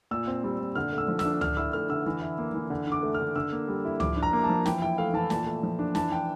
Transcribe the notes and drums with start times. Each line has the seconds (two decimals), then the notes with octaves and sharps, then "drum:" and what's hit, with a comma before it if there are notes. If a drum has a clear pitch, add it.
0.11 A#2 E6
0.27 C4
0.43 G3
0.60 A#2
0.75 D3 F6
0.92 A3
0.98 E6
1.08 F3
1.19 E6, drum: snare
1.25 D4
1.41 D3 F6, drum: tom C#2
1.57 E4 E6
1.73 A3 F6
1.89 D3 E6
2.06 E3
2.22 E4
2.38 A#3
2.54 E3
2.70 D3
2.87 D4 D6
3.03 A3
3.14 F6
3.20 D3
3.36 D3 E6
3.52 A#3
3.68 G3
3.85 E4
4.00 F3 D6, drum: tom C#2
4.16 D4
4.23 A#5
4.33 A#3
4.44 A5
4.49 F3
4.66 E3 G5, drum: snare
4.82 E4 G5
4.98 A3 F5
5.14 E3 A5
5.30 A#2 A5, drum: snare
5.46 A3
5.63 F3
5.79 D4
5.95 E3 A5, drum: snare
6.12 D4 G5